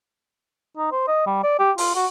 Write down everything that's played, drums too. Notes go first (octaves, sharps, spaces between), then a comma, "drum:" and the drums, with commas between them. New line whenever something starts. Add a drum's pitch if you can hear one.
D#4
C5
D#5
G3
D5
G4
F4, drum: open hi-hat
F#4